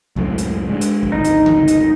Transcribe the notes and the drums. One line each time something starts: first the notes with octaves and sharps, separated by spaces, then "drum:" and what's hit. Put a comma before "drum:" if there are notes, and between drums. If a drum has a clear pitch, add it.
C#2 F#2 A2, drum: kick
drum: hi-hat
G#3 D4
drum: hi-hat
drum: kick
G#1 D2 D#4
drum: hi-hat
drum: tom C#3
drum: hi-hat